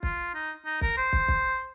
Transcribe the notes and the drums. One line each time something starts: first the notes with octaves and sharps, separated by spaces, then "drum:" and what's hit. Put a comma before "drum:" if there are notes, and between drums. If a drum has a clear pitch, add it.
F4, drum: kick
D#4
D#4
A#4, drum: kick
C5
drum: kick
drum: kick